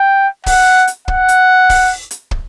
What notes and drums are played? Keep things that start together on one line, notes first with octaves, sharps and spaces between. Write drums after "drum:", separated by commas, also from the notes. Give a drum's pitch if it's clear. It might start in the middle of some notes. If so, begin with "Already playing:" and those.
Already playing: G5
F#5, drum: kick, open hi-hat
drum: hi-hat
F#5, drum: kick
drum: hi-hat
drum: kick, open hi-hat
drum: hi-hat
drum: kick